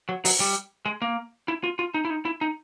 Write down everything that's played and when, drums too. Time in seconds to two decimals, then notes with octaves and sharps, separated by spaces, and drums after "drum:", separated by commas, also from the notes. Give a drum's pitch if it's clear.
0.09 F#3
0.25 F#3, drum: open hi-hat
0.40 G3
0.86 G#3
1.02 A#3
1.48 E4
1.64 F4
1.79 F4
1.94 D#4
2.05 E4
2.10 D#4
2.25 E4
2.41 D#4